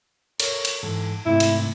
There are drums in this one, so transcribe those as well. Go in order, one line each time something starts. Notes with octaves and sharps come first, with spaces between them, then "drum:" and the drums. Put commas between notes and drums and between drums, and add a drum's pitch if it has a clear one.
A4 A#4 C#5, drum: cymbal
drum: cymbal
G#2 E3 A4
G#2 C3 A3 E4
drum: cymbal